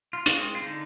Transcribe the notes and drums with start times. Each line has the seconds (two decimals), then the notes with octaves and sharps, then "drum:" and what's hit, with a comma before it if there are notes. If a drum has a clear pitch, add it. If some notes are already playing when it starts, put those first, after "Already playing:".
0.13 F4
0.26 G#3 C4, drum: hi-hat
0.55 F4
0.62 D3 D#4